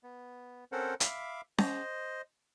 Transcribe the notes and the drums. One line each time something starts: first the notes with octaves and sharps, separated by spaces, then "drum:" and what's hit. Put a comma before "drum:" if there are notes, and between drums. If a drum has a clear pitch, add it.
B3
C4 C#4 A4 A#4 C5 F#5
E5 F5 B5 D6, drum: hi-hat
C5 D#5, drum: snare C#4